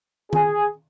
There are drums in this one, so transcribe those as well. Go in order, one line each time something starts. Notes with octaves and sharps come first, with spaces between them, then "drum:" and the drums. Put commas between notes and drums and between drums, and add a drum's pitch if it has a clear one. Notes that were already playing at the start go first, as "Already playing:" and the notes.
G#4, drum: tom D#3